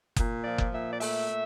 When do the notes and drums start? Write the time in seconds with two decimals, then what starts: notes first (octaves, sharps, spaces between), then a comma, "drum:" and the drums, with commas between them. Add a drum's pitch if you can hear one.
0.17 A#2, drum: kick F#1, hi-hat
0.44 F3 D5
0.58 drum: kick F#1
0.72 A#2 E5
0.91 D5
1.01 A3 E5, drum: open hi-hat
1.28 A#2